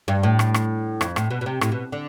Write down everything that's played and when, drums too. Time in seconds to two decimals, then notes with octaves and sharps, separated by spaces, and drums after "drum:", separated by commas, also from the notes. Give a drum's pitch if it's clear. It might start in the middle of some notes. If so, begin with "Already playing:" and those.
0.08 G2
0.23 A2
0.39 drum: rim click
0.54 drum: rim click
1.01 F2, drum: rim click
1.16 A2, drum: rim click
1.31 B2
1.41 B2
1.46 C3
1.61 A2, drum: rim click
1.72 B2
1.92 D3